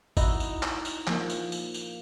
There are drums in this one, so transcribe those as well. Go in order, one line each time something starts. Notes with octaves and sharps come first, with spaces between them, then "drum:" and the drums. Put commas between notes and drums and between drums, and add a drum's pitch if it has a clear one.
D#4 E4 F#4, drum: kick, tambourine
drum: tambourine
drum: clap
drum: tambourine
F3 A#3, drum: clap
drum: tambourine
drum: tambourine
drum: tambourine